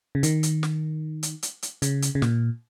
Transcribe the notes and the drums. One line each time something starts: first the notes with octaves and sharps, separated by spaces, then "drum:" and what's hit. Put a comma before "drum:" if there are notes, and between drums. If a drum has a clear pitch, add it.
C#3
D#3, drum: hi-hat
drum: hi-hat
drum: snare
drum: hi-hat
drum: hi-hat
drum: hi-hat
C#3, drum: hi-hat
drum: hi-hat
C#3
A#2, drum: snare